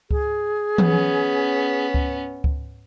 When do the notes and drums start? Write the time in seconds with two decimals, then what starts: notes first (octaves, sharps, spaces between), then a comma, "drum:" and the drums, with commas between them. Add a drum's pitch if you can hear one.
0.11 G#4, drum: kick C#2
0.78 B3 C#4, drum: tom E3
1.94 drum: kick C#2
2.44 drum: kick C#2